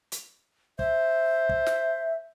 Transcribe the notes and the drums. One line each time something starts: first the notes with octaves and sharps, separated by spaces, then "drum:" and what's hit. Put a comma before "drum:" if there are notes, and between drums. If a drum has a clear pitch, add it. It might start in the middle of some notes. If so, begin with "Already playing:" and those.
drum: hi-hat
C5 E5, drum: kick
drum: kick
drum: snare